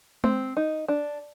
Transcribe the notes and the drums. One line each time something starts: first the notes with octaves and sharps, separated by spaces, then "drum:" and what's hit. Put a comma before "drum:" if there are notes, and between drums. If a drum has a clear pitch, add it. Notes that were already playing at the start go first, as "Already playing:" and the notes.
C4, drum: tom G#3
D#4
D4